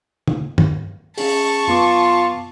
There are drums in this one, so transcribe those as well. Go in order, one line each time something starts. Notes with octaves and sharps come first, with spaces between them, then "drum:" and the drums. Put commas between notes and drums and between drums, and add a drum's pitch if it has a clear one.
drum: tom
drum: tom
C#4 G#4 A5 C#6, drum: open hi-hat
F#2 B3 F4 D6